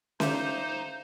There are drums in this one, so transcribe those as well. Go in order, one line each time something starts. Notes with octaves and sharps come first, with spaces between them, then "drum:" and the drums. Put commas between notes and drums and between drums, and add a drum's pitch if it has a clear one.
D#4 C5 E5 F5 D6, drum: snare C#4